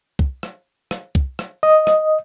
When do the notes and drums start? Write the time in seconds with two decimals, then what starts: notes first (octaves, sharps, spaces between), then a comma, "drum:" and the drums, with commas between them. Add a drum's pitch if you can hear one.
0.19 drum: kick
0.43 drum: rim click
0.91 drum: rim click
1.15 drum: kick
1.39 drum: rim click
1.63 D#5
1.87 drum: rim click